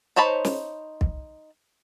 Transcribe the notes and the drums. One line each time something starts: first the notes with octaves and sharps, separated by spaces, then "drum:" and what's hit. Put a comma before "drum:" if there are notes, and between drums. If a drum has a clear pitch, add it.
D#4 C5 C#5 A5 B5
drum: snare
drum: kick